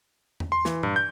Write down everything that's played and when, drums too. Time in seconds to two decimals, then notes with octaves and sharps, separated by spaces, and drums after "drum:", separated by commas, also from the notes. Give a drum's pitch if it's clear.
0.40 drum: tom E2
0.52 C6
0.65 E3, drum: snare
0.83 G2, drum: tom A#2
0.96 G6